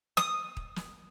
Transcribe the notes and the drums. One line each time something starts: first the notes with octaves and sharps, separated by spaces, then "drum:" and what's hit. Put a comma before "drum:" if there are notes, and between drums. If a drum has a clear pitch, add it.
D#6, drum: snare
drum: kick D#1
drum: snare